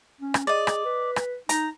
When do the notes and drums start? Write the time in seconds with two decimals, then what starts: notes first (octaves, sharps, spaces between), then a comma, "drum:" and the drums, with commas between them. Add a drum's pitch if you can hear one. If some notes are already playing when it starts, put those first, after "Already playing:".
0.21 C#4
0.34 drum: rim click
0.47 G#4 D5 D#5
0.67 drum: rim click
0.85 B4
1.16 drum: rim click
1.49 D#4 A#5, drum: hi-hat